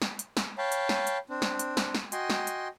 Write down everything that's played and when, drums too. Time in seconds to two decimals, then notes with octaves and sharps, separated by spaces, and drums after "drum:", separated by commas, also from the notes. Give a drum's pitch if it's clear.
0.02 drum: snare
0.19 drum: hi-hat
0.37 drum: snare
0.58 C#5 F5 G5 A5 B5
0.72 drum: hi-hat
0.89 drum: snare
1.07 drum: hi-hat
1.30 C4 D4
1.42 drum: snare
1.59 drum: hi-hat
1.77 drum: snare
1.95 drum: snare
2.12 F#4 D#5 G5 G#5 C6, drum: hi-hat
2.30 drum: snare
2.47 drum: hi-hat